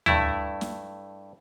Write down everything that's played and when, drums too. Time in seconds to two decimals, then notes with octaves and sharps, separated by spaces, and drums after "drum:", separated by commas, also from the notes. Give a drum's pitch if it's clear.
0.06 G2 A3 E4, drum: tom D2
0.61 drum: snare